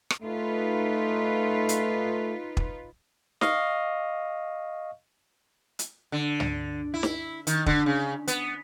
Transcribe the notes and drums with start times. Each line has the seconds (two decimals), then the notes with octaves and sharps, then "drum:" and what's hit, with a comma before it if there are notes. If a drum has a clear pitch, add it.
0.10 drum: rim click
0.23 A3 D#4 F4 B4
1.69 drum: hi-hat
2.57 drum: kick
3.41 D#5 F5 C#6, drum: snare
5.79 drum: hi-hat
6.12 D3
6.40 drum: tom
6.94 E4
7.03 drum: snare
7.47 D#3, drum: hi-hat
7.66 D3, drum: kick
7.86 C#3
8.27 B3, drum: hi-hat